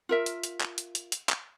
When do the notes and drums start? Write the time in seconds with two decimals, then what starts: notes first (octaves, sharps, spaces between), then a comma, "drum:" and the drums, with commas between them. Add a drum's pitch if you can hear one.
0.09 F4 A#4 E5
0.26 drum: hi-hat
0.44 drum: hi-hat
0.61 drum: clap
0.78 drum: hi-hat
0.95 drum: hi-hat
1.12 drum: hi-hat
1.29 drum: clap